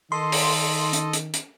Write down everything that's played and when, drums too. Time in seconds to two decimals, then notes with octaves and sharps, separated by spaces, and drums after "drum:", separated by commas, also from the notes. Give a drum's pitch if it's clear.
0.12 D#3 A4 D#5 C6
0.32 drum: open hi-hat
0.93 drum: hi-hat
1.13 drum: hi-hat
1.33 drum: hi-hat